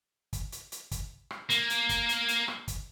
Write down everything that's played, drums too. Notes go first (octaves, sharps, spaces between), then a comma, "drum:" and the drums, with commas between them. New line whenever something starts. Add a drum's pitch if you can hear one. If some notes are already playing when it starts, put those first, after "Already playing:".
drum: kick, hi-hat
drum: hi-hat
drum: hi-hat
drum: kick, hi-hat
drum: rim click
A#3, drum: hi-hat
drum: hi-hat
drum: kick, hi-hat
drum: hi-hat
drum: hi-hat
drum: rim click
drum: kick, hi-hat